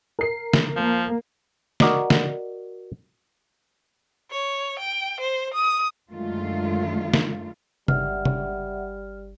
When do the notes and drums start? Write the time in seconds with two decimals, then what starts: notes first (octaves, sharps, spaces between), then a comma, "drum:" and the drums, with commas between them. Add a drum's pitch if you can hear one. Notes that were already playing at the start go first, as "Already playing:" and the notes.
0.19 A#4 C7
0.53 drum: snare
0.76 F3 A#3
1.80 F#4 A#4 D5 D#5, drum: snare
2.10 drum: snare
4.31 C#5
4.79 G5
5.20 C5
5.54 D#6
6.11 F#2 D3 D#3 G#3 A3 F4
7.14 drum: snare
7.88 G1 G3 D5 E5 F#5 F6, drum: tom
8.25 drum: tom